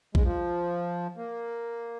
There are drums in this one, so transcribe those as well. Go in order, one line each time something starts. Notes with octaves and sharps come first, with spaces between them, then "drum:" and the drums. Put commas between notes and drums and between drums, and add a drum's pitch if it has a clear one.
G#3, drum: kick A#1
F3
A#3